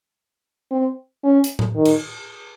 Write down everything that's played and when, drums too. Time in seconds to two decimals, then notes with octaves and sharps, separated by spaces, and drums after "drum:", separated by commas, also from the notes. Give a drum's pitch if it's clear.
0.71 C4
1.24 C#4
1.44 drum: hi-hat
1.59 drum: tom A2
1.76 D#3
1.85 drum: cymbal